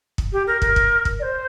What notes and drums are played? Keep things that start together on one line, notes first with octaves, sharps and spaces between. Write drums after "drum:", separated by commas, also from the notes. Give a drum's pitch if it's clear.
drum: kick
G4
A#4
A#4, drum: kick
drum: kick
drum: kick
D5
C5